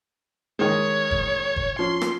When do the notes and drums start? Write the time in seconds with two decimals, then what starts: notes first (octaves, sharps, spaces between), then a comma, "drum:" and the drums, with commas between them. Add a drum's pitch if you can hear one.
0.59 D#3 G#3 C#5
1.11 drum: kick F#1
1.56 drum: kick F#1
1.79 F3 C#4 C6
2.02 drum: rim click